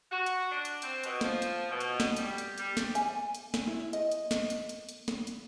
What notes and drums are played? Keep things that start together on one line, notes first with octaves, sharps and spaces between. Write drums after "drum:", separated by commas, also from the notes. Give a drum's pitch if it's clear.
F#4
drum: hi-hat
D4
drum: hi-hat
C4, drum: hi-hat
B2, drum: hi-hat
F3, drum: snare
drum: hi-hat
B2
drum: hi-hat
drum: snare
G3, drum: hi-hat
drum: hi-hat
G3, drum: hi-hat
drum: snare
G#5, drum: hi-hat
drum: hi-hat
drum: snare
E4
D#5, drum: hi-hat
drum: hi-hat
drum: snare
drum: hi-hat
drum: hi-hat
drum: hi-hat
drum: snare
drum: hi-hat